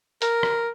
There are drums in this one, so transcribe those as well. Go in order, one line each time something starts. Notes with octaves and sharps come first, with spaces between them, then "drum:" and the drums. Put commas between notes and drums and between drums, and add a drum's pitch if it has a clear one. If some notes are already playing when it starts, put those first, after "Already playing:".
A#4, drum: hi-hat
drum: rim click